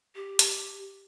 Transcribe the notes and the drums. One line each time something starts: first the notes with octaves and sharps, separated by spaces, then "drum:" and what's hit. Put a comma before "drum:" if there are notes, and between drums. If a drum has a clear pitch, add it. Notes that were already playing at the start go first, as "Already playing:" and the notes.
G4
drum: hi-hat